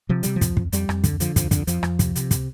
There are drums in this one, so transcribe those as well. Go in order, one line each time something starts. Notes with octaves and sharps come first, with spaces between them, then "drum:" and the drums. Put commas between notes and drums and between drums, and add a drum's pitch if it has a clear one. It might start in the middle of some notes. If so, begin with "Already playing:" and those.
C3 F3
C3 G3, drum: hi-hat
F3
F2, drum: kick, hi-hat
F2, drum: kick
F2 G3, drum: hi-hat
F2, drum: rim click
D3, drum: kick, hi-hat
D3 F3, drum: hi-hat
F2 F3, drum: kick, hi-hat
F2 D3, drum: kick, hi-hat
F2 F3, drum: hi-hat
F2, drum: rim click
C3, drum: kick, hi-hat
C3, drum: hi-hat
drum: kick, hi-hat